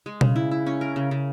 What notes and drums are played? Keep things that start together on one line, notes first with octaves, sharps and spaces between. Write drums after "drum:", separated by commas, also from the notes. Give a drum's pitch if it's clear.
G#3
C#3, drum: tom B2
E4
E4
C#4
A#4
C#3
C#3